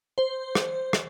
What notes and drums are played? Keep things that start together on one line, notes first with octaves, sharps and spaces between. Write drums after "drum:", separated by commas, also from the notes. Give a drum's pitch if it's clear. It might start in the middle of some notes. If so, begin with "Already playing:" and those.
C5
drum: rim click
drum: rim click